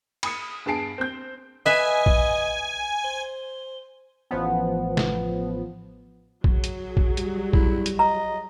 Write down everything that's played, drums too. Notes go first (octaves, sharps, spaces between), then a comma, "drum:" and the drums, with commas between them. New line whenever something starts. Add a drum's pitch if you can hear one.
B5 D#6 C#7, drum: cymbal
G2 B3 G#4 A5 C7 D7
C4 G6
B4 D#5 E5 G#5
drum: kick A#1
C5
A1 F3 B3
drum: snare
F#3 G#4, drum: kick A#1
drum: hi-hat
drum: kick A#1
G3, drum: hi-hat
E4, drum: kick A#1
drum: hi-hat
D#5 A#5